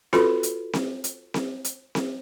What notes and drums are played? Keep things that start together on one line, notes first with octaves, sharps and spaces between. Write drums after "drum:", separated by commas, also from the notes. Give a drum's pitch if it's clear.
F4 F#4 A4 B4 B5 C6, drum: snare C4
drum: hi-hat
drum: snare C4
drum: hi-hat
drum: snare C4
drum: hi-hat
drum: snare C4